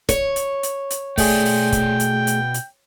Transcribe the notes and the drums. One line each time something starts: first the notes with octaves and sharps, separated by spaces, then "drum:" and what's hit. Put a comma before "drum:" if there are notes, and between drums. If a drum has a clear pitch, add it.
C#5, drum: kick, hi-hat
drum: hi-hat
drum: hi-hat
drum: hi-hat
B2 A3 G#4 D5 G5 G#5, drum: kick, open hi-hat
drum: open hi-hat
drum: kick, hi-hat
drum: hi-hat
drum: hi-hat
drum: hi-hat